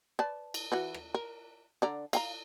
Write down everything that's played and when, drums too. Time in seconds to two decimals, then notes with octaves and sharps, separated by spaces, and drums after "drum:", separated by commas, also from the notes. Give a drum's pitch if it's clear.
0.19 B4 D5 A5
0.54 drum: cymbal
0.72 E3 F#4 B4
0.94 drum: rim click
1.14 A#4
1.82 D3 D5 A#5
2.13 F5 G5 A#5, drum: cymbal